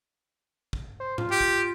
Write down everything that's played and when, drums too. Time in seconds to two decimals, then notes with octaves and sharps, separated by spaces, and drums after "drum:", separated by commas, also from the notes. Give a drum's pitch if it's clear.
0.73 drum: kick
1.00 C5
1.18 F4, drum: tom G#2
1.31 G4
1.41 drum: kick